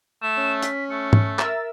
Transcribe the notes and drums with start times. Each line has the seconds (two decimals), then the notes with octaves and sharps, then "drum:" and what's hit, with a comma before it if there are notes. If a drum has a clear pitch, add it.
0.22 A3 E7
0.37 C#4
0.63 B6, drum: hi-hat
0.90 A3 C#7
1.13 drum: tom
1.39 A#4 E5 E6 A6, drum: clap